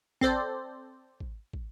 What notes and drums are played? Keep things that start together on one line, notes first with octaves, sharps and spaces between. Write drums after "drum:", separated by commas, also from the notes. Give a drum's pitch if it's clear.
C4 A4 C5 D5, drum: kick
drum: kick
drum: kick